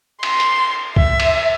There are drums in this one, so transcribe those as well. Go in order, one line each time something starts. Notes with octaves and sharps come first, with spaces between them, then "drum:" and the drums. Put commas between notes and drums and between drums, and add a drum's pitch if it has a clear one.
C6, drum: cymbal
drum: hi-hat
E5, drum: kick C2
drum: cymbal